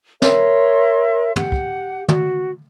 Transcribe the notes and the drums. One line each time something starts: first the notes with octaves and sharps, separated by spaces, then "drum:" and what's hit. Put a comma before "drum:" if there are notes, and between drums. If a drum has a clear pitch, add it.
A#4 C#5 E5 C6, drum: snare
G4 F#5, drum: tom
drum: kick
F#4, drum: tom